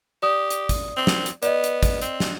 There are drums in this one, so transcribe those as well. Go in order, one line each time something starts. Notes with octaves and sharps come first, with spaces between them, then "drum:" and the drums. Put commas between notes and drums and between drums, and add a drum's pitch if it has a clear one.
G4 D5 D#6
drum: hi-hat
drum: kick, hi-hat
C4
drum: snare
drum: hi-hat
B3 D5 D#5, drum: hi-hat
drum: hi-hat
drum: kick, hi-hat
C4, drum: hi-hat
drum: snare